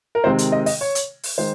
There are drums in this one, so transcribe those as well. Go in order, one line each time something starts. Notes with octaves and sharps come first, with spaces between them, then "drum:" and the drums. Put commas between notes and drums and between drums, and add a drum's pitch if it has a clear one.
A#4
C3 D#3 G#3 C4 C5
drum: hi-hat
D#5
D#5, drum: open hi-hat
C#5
drum: hi-hat
drum: open hi-hat
D#3 G#3 C5